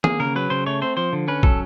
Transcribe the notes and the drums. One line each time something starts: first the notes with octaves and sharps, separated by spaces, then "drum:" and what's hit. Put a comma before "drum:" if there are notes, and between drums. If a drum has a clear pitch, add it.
A#3 G#4, drum: tom D#3
C#3 A#4
F#3 B4
C#3 C5
A3 C#5
C4 C5
F3 C5
D3
C#4 B4
F#3 A4, drum: kick